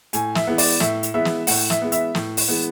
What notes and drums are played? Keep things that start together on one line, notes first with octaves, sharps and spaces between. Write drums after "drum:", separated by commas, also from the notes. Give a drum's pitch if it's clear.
A2 G#5, drum: hi-hat
E5, drum: snare
E3 G#3 B3
D5, drum: open hi-hat
A2 E5, drum: snare
drum: hi-hat
E3 G#3 B3 E5
drum: snare
A2 F#5, drum: open hi-hat
E5, drum: snare
E3 G#3 B3
E5, drum: hi-hat
A2, drum: snare
drum: open hi-hat
E3 G#3 B3